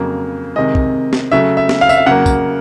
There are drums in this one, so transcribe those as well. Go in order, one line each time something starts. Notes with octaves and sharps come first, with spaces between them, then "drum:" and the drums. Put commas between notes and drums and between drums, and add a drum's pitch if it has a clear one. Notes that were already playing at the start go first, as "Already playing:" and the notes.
Already playing: F2 C#3 F#3 A#3
C3 D#3 G#3 D#5
drum: kick
drum: snare
C#3 F#3 A3 E5
E5
drum: snare
F5
E5, drum: tambourine
F5
C#3 F#3 A#3 F#5
drum: kick, tambourine